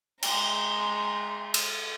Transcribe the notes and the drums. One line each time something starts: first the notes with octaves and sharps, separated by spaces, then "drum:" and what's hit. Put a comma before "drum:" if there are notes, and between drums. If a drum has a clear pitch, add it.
G#3 A#5, drum: cymbal
drum: cymbal